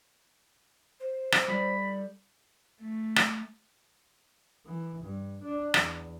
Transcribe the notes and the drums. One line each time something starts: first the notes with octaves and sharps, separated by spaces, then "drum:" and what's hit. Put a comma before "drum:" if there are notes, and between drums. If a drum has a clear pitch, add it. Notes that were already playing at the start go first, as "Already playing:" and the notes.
C5
drum: rim click
G3 A4 D5 B5
A3
drum: rim click
E3
G2
D4
E2, drum: rim click